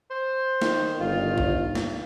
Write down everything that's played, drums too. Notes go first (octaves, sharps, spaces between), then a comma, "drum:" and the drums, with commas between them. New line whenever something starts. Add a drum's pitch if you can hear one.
C5
D#3, drum: snare
G1 F4
drum: kick
drum: snare